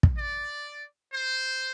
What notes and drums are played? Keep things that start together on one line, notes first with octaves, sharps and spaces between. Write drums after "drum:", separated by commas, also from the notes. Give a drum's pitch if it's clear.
drum: kick
D5
C5